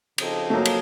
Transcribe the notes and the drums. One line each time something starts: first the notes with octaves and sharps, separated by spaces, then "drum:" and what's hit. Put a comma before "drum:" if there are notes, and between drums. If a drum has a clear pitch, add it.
C#3 F3 C4 D#4 A4, drum: cymbal
A3
F#3 A#3
drum: cymbal